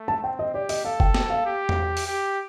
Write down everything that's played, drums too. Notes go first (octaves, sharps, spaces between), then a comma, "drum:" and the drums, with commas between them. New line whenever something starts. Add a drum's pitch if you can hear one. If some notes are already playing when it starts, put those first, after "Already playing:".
Already playing: A3
A5
C4 G5
D#5
G4 D5
D#5, drum: open hi-hat
A4 F5
G5, drum: kick F#1
G5, drum: snare
F5
G4
drum: tom E2
drum: open hi-hat
G4